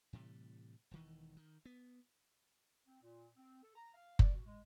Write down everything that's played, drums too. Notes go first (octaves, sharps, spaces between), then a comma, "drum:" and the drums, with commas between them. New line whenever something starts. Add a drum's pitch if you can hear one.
A2 C3 E3 G3
E1 D#3 E3
D#3
B3
C4
A#2
C4
A4
A#5
F5
D5, drum: kick F#1
F#4
G#3